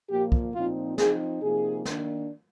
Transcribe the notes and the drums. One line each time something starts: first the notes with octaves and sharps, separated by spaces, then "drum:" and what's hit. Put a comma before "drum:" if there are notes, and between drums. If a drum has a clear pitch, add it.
A#2 F3 A#3 G4
drum: kick
A#2 F3 C4 D#4 F4
F3 C4 D#4 G#4, drum: snare
C3 F3 A#3 D#4 G#4
D#3 A#3 D4, drum: snare